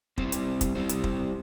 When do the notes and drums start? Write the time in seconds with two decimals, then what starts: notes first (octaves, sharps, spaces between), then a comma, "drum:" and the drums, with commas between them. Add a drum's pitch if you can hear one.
0.18 G3 C4 E4 G4 C5, drum: kick
0.32 drum: hi-hat
0.61 drum: kick, hi-hat
0.75 G3 C4 E4 G4 C5
0.89 drum: hi-hat
1.04 drum: kick